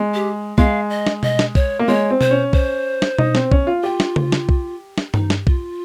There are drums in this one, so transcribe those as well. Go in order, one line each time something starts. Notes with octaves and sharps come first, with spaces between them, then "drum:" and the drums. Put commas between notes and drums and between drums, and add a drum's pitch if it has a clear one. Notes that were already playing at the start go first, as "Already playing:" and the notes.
Already playing: G#3
G4
G#3 F5, drum: kick
D#5
drum: snare
D#5, drum: tom B2
drum: snare
C#5, drum: kick
A#3
G#3 C#5
C4
C5, drum: tom B2
C#4
C5, drum: kick
drum: snare
D#4, drum: tom B2
C4, drum: snare
C#4, drum: kick
F4
F4 G4
drum: snare
drum: tom C#3
drum: snare
drum: kick
drum: snare
D#4, drum: tom G2
drum: snare
F4, drum: kick